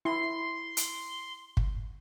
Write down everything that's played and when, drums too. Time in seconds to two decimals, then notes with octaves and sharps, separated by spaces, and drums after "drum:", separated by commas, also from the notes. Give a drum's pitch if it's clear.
0.05 E4 C6
0.77 drum: hi-hat
1.57 drum: kick